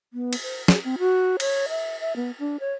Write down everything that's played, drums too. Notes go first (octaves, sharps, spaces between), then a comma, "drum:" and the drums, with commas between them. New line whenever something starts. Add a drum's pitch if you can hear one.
B3
drum: cymbal
C5
G#4, drum: snare
C4
F#4
C#5, drum: cymbal
E5
E5
B3
D4
C#5